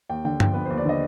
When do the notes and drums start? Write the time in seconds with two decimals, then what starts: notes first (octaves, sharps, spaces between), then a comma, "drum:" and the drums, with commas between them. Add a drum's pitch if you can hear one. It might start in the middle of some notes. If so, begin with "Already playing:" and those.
0.09 D#2 G5
0.25 D3 G5
0.40 F3 G5, drum: tom G2
0.54 B3 B4
0.65 D#2 C5
0.77 D5
0.85 D3 D#5